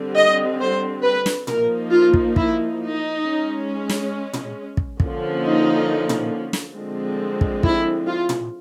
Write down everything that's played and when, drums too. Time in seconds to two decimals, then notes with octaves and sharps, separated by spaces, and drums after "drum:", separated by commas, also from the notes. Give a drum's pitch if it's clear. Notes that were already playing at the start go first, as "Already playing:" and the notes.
Already playing: D3 G3 C4
0.16 D#5
0.60 C5
1.04 B4
1.26 drum: snare
1.47 F3 A#3 D#4 A#4, drum: tom
1.91 F4
2.14 drum: kick
2.36 E4, drum: kick
2.80 D#4
3.24 G#3 C#4
3.89 drum: snare
4.33 drum: tom
4.77 drum: kick
5.00 D3 F3 A#3 C#4, drum: kick
5.43 D#4
6.09 drum: tom
6.53 drum: snare
6.75 D3 F3 G#3 C4
7.41 drum: kick
7.63 E4, drum: kick
8.08 F4
8.29 drum: tom